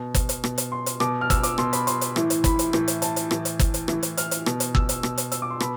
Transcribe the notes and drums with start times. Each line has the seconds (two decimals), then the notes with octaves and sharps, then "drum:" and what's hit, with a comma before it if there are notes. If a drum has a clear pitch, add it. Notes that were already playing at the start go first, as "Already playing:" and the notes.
Already playing: B2
0.14 drum: kick, hi-hat
0.29 drum: hi-hat
0.44 B2, drum: rim click
0.58 drum: hi-hat
0.72 C6
0.86 drum: hi-hat
1.00 B2 D6, drum: rim click
1.21 F6
1.30 E6, drum: kick, hi-hat
1.43 D6, drum: hi-hat
1.58 B2 C6, drum: rim click
1.73 B5, drum: hi-hat
1.87 C6, drum: hi-hat
2.01 drum: hi-hat
2.16 A2 E3, drum: rim click
2.30 drum: hi-hat
2.44 B5, drum: kick, hi-hat
2.59 drum: hi-hat
2.73 A2 E3, drum: rim click
2.88 drum: hi-hat
3.02 A5, drum: hi-hat
3.16 drum: hi-hat
3.31 A2 E3, drum: rim click
3.45 drum: hi-hat
3.59 drum: kick, hi-hat
3.74 drum: hi-hat
3.88 A2 E3, drum: rim click
4.03 drum: hi-hat
4.17 F6, drum: hi-hat
4.31 drum: hi-hat
4.46 B2, drum: rim click
4.60 drum: hi-hat
4.75 E6, drum: kick
4.89 drum: hi-hat
5.03 B2, drum: rim click
5.18 drum: hi-hat
5.32 E6, drum: hi-hat
5.42 D6
5.51 C6
5.60 B2 B5, drum: rim click